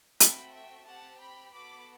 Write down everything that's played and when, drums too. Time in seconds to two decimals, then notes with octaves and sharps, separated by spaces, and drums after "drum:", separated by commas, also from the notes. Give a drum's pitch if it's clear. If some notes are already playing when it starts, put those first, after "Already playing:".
0.20 A3 C4 F#4 G5 B5, drum: hi-hat
0.53 E5 G5
0.87 C4 G4 F#5 A5
1.20 G5 B5
1.52 B3 F#4 A4 B5 D6